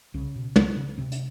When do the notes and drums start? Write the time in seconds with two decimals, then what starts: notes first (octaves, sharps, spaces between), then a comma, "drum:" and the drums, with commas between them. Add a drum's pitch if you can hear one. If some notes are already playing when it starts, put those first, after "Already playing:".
0.14 C2 C#3 C#4
0.36 B2
0.56 C#2, drum: tom
0.76 C#3
0.98 D2 C3 C4
1.12 drum: hi-hat